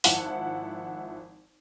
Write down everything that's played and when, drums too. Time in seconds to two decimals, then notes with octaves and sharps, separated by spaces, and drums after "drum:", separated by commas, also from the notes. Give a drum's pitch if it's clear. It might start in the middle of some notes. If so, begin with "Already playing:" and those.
0.04 G#1 F3 E4 F#5 A5, drum: open hi-hat